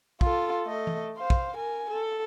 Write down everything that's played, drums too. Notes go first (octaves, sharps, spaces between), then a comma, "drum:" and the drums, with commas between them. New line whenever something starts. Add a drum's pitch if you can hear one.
F4 A4, drum: kick
A3 D#5
drum: tom E3
C5 F5
drum: kick
A#4 G#5
A4